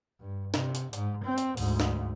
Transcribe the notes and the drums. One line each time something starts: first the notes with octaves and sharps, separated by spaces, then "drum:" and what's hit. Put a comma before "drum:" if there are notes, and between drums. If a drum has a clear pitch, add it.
G2
C3, drum: snare
drum: hi-hat
G#2, drum: hi-hat
C4
drum: hi-hat
D2 G#2, drum: open hi-hat
drum: snare